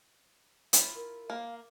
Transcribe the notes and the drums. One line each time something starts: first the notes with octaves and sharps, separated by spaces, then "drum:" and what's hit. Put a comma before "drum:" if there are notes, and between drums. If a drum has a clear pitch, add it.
E4 F4, drum: hi-hat
A#4
A#3 F5